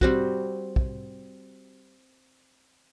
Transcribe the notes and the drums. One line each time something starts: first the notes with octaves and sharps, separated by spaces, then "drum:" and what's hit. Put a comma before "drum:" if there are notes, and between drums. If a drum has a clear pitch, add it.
G3 C4 F#4, drum: kick
drum: kick